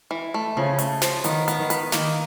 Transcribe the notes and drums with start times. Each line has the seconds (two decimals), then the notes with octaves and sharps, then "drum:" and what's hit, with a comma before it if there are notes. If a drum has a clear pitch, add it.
0.11 E3
0.34 A3
0.56 C#3 F3
0.79 A3, drum: hi-hat
1.02 F3, drum: snare
1.24 D#3 B3, drum: hi-hat
1.48 B3, drum: hi-hat
1.59 D#3
1.70 B4, drum: hi-hat
1.92 D#3 A#3, drum: snare